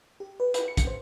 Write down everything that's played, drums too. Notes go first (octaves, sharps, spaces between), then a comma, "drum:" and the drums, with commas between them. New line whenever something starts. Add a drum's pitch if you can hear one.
G4
B4
B4, drum: hi-hat
C#7
drum: kick, hi-hat
C5